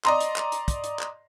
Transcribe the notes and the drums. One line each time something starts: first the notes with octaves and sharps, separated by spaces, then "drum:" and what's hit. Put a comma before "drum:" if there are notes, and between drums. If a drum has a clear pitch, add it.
D5 D#5 A#5 C6, drum: clap
drum: hi-hat
drum: clap
drum: hi-hat
drum: kick, hi-hat
drum: hi-hat
drum: clap